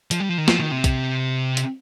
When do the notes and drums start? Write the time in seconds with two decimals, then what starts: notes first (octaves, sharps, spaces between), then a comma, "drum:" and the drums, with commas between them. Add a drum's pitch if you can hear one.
0.11 F3, drum: hi-hat
0.20 G3
0.29 F3
0.38 D#3
0.48 F3, drum: snare
0.59 D#3
0.72 C3
0.84 drum: kick, hi-hat
1.57 drum: hi-hat